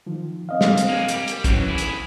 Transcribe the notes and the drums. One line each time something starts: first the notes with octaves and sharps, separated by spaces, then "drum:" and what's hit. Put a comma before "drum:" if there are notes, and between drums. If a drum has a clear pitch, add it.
D#3 F3
C4 D#5 F5
drum: snare
drum: hi-hat
A#3 G#4
G3, drum: hi-hat
drum: hi-hat
E3 F#3 C#4, drum: kick, hi-hat
E4 G#4
drum: hi-hat